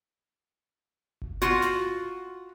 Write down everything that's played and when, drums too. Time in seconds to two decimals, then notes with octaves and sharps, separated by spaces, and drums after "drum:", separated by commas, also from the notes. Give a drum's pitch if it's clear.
1.22 drum: kick G1
1.42 F4 F#4, drum: hi-hat
1.62 drum: snare